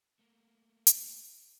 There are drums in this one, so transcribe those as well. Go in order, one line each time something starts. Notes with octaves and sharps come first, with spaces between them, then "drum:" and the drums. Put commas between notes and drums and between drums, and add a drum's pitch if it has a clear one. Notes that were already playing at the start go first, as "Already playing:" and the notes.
A3 A#3
drum: hi-hat